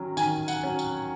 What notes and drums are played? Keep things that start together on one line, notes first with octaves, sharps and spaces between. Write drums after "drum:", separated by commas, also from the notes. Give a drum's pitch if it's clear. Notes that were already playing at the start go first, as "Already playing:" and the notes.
Already playing: D#3 F#3 C#4
D#3 G#5, drum: tambourine
F#5, drum: tambourine
F#3 C#4
drum: tambourine